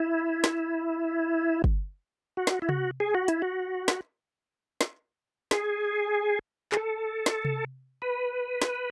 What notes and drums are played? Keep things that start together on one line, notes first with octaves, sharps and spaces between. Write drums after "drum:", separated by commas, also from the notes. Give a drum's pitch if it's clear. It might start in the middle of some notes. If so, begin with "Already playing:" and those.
Already playing: E4
drum: snare
drum: kick
F#4
drum: snare
E4
F#4, drum: tom C3
G#4
F#4
E4, drum: hi-hat
F#4
drum: snare
drum: snare
G#4, drum: snare
G#4, drum: clap
A4
drum: snare
drum: tom C3
B4
drum: snare